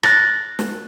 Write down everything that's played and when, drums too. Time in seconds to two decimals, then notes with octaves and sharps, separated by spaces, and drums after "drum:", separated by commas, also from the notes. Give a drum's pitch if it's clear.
0.03 F#6 A6 A#6, drum: rim click
0.59 drum: snare